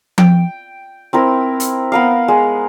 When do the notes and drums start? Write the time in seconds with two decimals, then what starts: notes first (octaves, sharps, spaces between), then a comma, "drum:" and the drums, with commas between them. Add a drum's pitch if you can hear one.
0.18 G5, drum: tom F3
1.13 C4 E4 A#4
1.60 drum: hi-hat
1.92 B3 A#4 F5
2.28 G#3